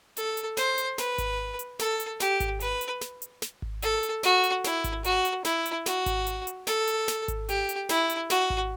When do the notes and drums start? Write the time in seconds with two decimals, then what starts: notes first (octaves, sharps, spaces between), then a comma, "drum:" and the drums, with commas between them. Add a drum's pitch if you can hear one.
0.17 A4, drum: hi-hat
0.37 drum: hi-hat
0.57 C5, drum: snare
0.78 drum: hi-hat
0.98 B4, drum: snare
1.18 drum: kick G#1, hi-hat
1.59 drum: hi-hat
1.79 A4, drum: snare
2.00 drum: hi-hat
2.20 G4, drum: snare
2.40 drum: kick G#1, hi-hat
2.60 B4, drum: hi-hat
2.81 drum: hi-hat
3.01 drum: snare
3.22 drum: hi-hat
3.42 drum: snare
3.62 drum: kick G#1
3.82 A4, drum: hi-hat
4.03 drum: hi-hat
4.23 F#4, drum: snare
4.44 drum: hi-hat
4.64 E4, drum: snare
4.84 drum: kick G#1, hi-hat
5.04 F#4, drum: hi-hat
5.25 drum: hi-hat
5.45 E4, drum: snare
5.66 drum: hi-hat
5.86 F#4, drum: snare
6.06 drum: kick G#1, hi-hat
6.27 drum: hi-hat
6.47 drum: hi-hat
6.67 A4, drum: snare
6.88 drum: hi-hat
7.08 drum: snare
7.28 drum: kick G#1, hi-hat
7.49 G4, drum: hi-hat
7.69 drum: hi-hat
7.89 E4, drum: snare
8.10 drum: hi-hat
8.30 F#4, drum: snare
8.50 drum: kick G#1